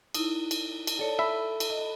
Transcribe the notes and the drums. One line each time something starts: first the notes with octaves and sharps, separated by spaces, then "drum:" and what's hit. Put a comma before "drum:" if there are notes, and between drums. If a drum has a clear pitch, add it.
D#4 E4, drum: cymbal
drum: cymbal
drum: cymbal
A4 C#5 D5
E5 B5
drum: cymbal
D#5